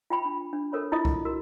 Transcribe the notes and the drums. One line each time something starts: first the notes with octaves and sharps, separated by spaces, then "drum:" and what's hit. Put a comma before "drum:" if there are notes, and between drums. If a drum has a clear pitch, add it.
F4 G5 B5
D4
D4
A4 A#4 C#5 B5
E4 F4 D#5 D#6
drum: kick C2
F#4 A#4